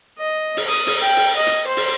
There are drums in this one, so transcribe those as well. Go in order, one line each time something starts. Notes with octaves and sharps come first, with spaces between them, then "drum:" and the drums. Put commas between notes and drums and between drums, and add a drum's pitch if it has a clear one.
D#5
drum: open hi-hat
D#6
drum: open hi-hat
G5
drum: open hi-hat
D#5
drum: hi-hat
C5
drum: open hi-hat